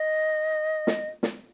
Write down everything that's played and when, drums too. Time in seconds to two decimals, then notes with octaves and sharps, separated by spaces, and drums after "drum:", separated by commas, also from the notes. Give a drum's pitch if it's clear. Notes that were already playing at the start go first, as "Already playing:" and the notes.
Already playing: D#5
0.87 drum: snare
1.23 drum: snare